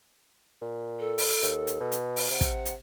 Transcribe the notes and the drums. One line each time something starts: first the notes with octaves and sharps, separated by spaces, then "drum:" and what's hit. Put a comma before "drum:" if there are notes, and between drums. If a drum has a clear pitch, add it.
A#2
A4
drum: open hi-hat
D#2, drum: hi-hat
drum: hi-hat
B2
drum: hi-hat
drum: open hi-hat
C3 F#5
drum: kick, hi-hat
drum: hi-hat